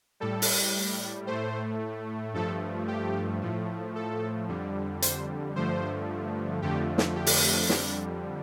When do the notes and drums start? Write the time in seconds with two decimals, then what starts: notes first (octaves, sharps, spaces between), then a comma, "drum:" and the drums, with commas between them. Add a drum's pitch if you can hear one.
0.20 A2 G3 A4
0.42 drum: open hi-hat
1.27 A2 A3 C5
2.34 G2 F3 A3 A4
2.88 G4
3.41 A2 F3 A3
3.95 A4
4.49 F2 D3 G3
5.02 C5, drum: hi-hat
5.55 G2 D3 F3 A3 C5
6.62 F2 D3 F3 A3 G4
6.98 drum: snare
7.16 G4
7.27 drum: open hi-hat
7.69 F2 D3 G3, drum: snare